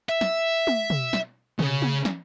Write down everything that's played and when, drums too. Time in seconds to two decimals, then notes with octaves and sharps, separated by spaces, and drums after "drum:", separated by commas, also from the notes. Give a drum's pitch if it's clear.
0.09 E5
0.21 drum: snare
0.67 drum: tom
0.90 drum: tom
1.13 drum: snare
1.59 C#3, drum: tom
1.82 drum: tom
2.05 drum: snare